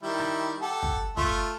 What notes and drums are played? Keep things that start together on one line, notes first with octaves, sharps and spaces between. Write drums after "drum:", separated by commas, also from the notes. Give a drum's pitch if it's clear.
D#3 G3 E4
drum: rim click
G4 A4 F#5
drum: kick
A3 F4 E5, drum: kick